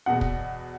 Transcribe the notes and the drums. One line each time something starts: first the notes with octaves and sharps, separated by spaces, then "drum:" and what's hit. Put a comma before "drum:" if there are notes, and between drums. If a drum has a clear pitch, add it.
E2 B2 F#5
drum: kick